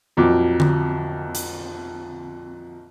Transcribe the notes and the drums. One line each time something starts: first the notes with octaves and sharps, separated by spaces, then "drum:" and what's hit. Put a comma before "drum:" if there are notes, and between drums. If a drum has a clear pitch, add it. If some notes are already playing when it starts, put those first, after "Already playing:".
A#1 F2 F#3 D6
drum: tom D3
drum: hi-hat